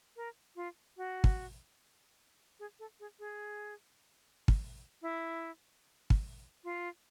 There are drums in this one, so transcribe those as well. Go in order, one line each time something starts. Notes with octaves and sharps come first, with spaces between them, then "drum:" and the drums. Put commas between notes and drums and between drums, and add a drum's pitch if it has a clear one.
A#4
F4
F#4
drum: kick
G#4
A4
G#4
G#4
drum: kick
E4
drum: kick
F4